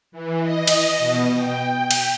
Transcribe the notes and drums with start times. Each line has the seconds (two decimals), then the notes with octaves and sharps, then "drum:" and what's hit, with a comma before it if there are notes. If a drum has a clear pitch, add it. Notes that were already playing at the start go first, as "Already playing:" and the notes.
0.12 E3
0.42 D#5
0.67 drum: cymbal
0.98 B2
1.35 G5
1.91 drum: cymbal